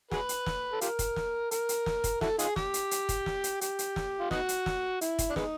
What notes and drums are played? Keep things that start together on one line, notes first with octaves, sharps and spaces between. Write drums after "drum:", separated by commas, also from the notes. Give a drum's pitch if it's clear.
F#4 G#4 B4, drum: snare
drum: hi-hat
drum: snare
A4
F4 G4 A#4, drum: hi-hat
drum: kick, hi-hat
drum: snare
A#4, drum: hi-hat
drum: hi-hat
drum: snare
drum: kick, hi-hat
E4 F#4 A4, drum: snare
D#4 F4 G#4, drum: hi-hat
G4, drum: snare
drum: hi-hat
drum: hi-hat
drum: kick, hi-hat
drum: snare
drum: hi-hat
G4, drum: hi-hat
drum: hi-hat
drum: snare
F4
B3 D#4 F#4, drum: snare
drum: hi-hat
drum: snare
E4, drum: hi-hat
drum: kick, hi-hat
D4
G#3 B3 D#4, drum: snare